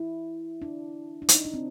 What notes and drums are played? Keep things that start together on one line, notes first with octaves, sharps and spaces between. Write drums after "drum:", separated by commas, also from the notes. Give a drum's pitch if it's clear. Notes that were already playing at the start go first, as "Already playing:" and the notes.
Already playing: E4
D4
D4
D#4, drum: hi-hat
D4
C4